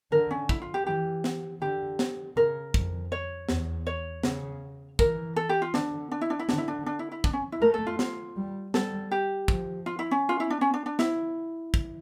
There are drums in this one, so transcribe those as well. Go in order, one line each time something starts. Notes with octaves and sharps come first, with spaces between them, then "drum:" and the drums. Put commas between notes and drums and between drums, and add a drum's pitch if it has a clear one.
D3 A#4
C#4
E4, drum: kick
F4
G4
E3 G4
drum: snare
D3 G4
drum: snare
C#3 A#4
F2, drum: kick
C#5
E2, drum: snare
C#5
C#3, drum: snare
E3 A#4, drum: kick
A4
G4
F4
D3 D4, drum: snare
D4
E4
D4
E4
D3 D4, drum: snare
E4
D4
D4
E4
E4
D4, drum: kick
C#4
E4
A3 A#4
A4
F4
F4, drum: snare
G3
G3 A4, drum: snare
G4
F3, drum: kick
F4
E4
C#4
F4
E4
D4
C#4
D4
D4
E4, drum: snare
drum: kick